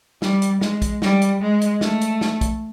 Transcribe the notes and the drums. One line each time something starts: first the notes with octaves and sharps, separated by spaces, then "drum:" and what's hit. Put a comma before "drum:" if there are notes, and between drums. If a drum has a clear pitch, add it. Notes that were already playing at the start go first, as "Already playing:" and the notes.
G3, drum: snare
drum: hi-hat
G#3, drum: snare
drum: kick, hi-hat
G3, drum: snare
drum: hi-hat
G#3
drum: hi-hat
A3, drum: snare
drum: hi-hat
drum: snare
drum: kick, hi-hat